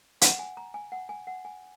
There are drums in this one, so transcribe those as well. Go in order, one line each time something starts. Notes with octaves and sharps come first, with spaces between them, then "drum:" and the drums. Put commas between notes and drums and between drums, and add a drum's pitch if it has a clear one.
F#5, drum: hi-hat
G#5
A#5
G#5
F#5
G#5
F#5
G#5